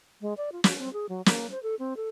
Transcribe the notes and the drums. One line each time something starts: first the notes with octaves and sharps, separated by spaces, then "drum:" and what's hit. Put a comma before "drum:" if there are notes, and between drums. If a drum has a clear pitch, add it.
G#3
D5
F4
F#4, drum: snare
C4
G#4
F#3
A#3, drum: snare
C5
A4
C4
A4